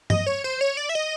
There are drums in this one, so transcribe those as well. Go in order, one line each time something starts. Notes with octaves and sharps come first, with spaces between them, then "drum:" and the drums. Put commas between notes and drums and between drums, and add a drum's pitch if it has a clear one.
D#5, drum: tom G2
C#5
C5
C#5
D5
E5
D#5